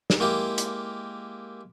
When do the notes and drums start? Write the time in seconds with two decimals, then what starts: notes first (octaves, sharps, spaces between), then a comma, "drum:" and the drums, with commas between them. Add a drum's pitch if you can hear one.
0.10 drum: snare
0.20 G#3 A#3 E4 G4 A#4
0.58 drum: hi-hat